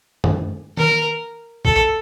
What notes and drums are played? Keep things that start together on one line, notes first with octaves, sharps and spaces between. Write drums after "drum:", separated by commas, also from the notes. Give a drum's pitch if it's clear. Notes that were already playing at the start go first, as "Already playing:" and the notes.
drum: tom F#2
A#4, drum: tom
A4, drum: kick